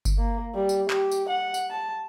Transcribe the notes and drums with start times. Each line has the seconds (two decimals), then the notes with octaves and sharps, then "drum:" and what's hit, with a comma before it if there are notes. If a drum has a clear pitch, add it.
0.05 drum: kick G1, tambourine
0.18 A#3
0.55 G3
0.69 drum: tambourine
0.90 G4, drum: clap
1.12 drum: tambourine
1.29 F#5
1.54 drum: tambourine
1.70 A5